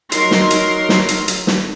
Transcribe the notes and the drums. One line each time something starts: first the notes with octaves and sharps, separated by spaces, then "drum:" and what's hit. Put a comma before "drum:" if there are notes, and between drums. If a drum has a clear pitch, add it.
F#3 D#4 A#4 C6, drum: hi-hat
drum: snare
drum: hi-hat
drum: snare
drum: hi-hat
drum: hi-hat
drum: snare